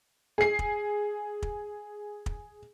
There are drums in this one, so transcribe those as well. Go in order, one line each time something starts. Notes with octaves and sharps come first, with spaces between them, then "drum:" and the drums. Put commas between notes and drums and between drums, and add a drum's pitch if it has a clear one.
G#4 C7
drum: kick
drum: kick
drum: kick